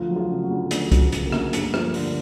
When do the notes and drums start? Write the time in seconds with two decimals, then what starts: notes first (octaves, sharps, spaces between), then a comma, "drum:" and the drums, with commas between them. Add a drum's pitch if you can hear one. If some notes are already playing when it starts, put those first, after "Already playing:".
Already playing: D2 F3 F4
0.09 F#3
0.16 F3 F4
0.30 C#3
0.43 F#3 F#4
0.50 D2
0.71 D2, drum: hi-hat
0.92 F#3, drum: kick, hi-hat
0.98 A3 A4
1.12 C#3, drum: hi-hat
1.26 A#3 A#4
1.32 D2, drum: rim click
1.53 G2 A#3 A#4, drum: hi-hat
1.74 F3, drum: rim click
1.94 D3, drum: open hi-hat